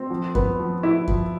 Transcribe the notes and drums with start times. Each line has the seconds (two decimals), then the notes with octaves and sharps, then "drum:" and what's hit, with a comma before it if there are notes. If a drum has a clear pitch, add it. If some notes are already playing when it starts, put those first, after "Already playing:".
Already playing: C4
0.10 F3
0.35 B3, drum: kick F#2
0.59 F3
0.83 E4
1.08 F3, drum: kick F#2